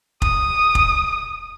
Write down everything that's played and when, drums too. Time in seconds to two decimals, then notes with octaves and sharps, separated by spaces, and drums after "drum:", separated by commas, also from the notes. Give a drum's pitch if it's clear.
0.22 D#6, drum: kick F1
0.75 drum: kick F1